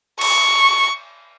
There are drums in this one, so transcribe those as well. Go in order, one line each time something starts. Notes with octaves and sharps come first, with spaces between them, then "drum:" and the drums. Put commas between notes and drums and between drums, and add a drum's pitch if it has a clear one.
C#6, drum: cymbal